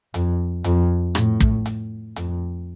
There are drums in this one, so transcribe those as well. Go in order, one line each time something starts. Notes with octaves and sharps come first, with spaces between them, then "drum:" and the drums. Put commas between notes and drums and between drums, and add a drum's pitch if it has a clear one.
F2, drum: hi-hat
F2, drum: hi-hat
A2, drum: rim click
drum: kick
drum: hi-hat
F2, drum: hi-hat